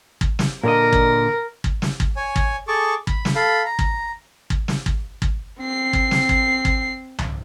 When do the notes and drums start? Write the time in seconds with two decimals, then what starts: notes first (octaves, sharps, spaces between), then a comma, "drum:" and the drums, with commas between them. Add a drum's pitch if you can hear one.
0.21 drum: kick
0.39 drum: snare
0.64 A#2 D3 A#4 D#5
0.93 drum: kick
1.64 drum: kick
1.82 drum: snare
2.00 drum: kick
2.16 C#5 G#5
2.36 drum: kick
2.68 G#4 A4 A5 C#6 D6
3.07 B5, drum: kick
3.25 drum: snare
3.35 A4 F5 B5
3.65 A#5
3.79 drum: kick
4.50 drum: kick
4.68 drum: snare
4.86 drum: kick
5.22 drum: kick
5.59 C4 C7
5.93 drum: kick
6.11 drum: snare
6.29 drum: kick
6.65 drum: kick
7.18 drum: tom C2